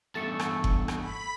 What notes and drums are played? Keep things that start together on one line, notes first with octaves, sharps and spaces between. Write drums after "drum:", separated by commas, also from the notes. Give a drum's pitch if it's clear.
E2 G2 A3 A5 C#6 E6
drum: rim click
drum: kick F#1
drum: rim click
B5 B6